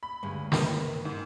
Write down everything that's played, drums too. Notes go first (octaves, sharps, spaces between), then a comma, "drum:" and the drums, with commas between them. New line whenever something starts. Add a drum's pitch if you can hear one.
B5
D2 G2 C#3 G3 G#3
A#3 A#4 B4, drum: snare
G#2